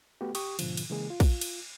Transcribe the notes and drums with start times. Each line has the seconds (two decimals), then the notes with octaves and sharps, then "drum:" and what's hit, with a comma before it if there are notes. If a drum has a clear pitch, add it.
0.21 A3 B3 F#4 G4
0.35 G4 C#6 D#6, drum: cymbal
0.59 G#2 B2 D3 F3, drum: cymbal
0.77 drum: cymbal
0.90 C#3 E3 G#3 A#3 G#4
1.10 F4
1.20 drum: kick, cymbal
1.41 drum: cymbal